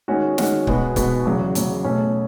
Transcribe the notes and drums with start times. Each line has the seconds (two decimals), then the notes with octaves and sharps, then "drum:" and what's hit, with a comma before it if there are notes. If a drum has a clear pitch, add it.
0.08 D#3 G#3 C#4 F#4
0.38 D#3 G#3 C#4 F#4, drum: snare
0.67 B2 G#3 B3 F#4, drum: kick C#1
0.96 B2 G#3 B3 F#4, drum: kick C#1, hi-hat
1.25 E2 C#3 F#3
1.55 E2 C#3 F#3, drum: hi-hat
1.84 B2 A3 C#4